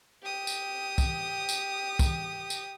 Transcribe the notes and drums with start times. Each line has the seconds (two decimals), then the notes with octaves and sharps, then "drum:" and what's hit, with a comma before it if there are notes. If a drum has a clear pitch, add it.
0.22 G4 D#6
0.47 drum: tambourine
0.98 drum: kick, tambourine
1.49 drum: tambourine
1.99 drum: kick, tambourine
2.50 drum: tambourine